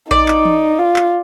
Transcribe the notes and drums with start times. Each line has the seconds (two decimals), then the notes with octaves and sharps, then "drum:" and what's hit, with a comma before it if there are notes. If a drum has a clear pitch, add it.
0.11 D#4 D5, drum: kick A#1
0.28 drum: clap
0.45 drum: tom E3
0.79 F4
0.96 drum: clap